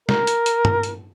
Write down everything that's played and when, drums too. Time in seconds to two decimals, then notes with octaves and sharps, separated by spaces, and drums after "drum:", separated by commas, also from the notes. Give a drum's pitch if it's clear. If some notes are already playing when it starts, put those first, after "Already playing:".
0.09 A#4, drum: snare
0.27 drum: hi-hat
0.46 drum: hi-hat
0.65 drum: tom
0.83 drum: hi-hat